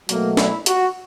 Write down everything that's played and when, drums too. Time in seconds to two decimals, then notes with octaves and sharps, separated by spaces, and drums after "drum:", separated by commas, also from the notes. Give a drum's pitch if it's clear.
0.09 B2 F#3 A3 A#3, drum: hi-hat
0.37 E4, drum: snare
0.66 F#4, drum: hi-hat